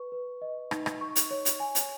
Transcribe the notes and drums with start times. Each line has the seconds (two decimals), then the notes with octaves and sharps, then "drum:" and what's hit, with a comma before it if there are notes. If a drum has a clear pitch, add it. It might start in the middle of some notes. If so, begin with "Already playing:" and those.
Already playing: B4 C#6
0.12 B4
0.42 D#5
0.71 D#4, drum: rim click
0.86 drum: rim click
1.01 C#6
1.16 drum: hi-hat
1.31 C#5
1.45 drum: hi-hat
1.60 G#5
1.75 drum: hi-hat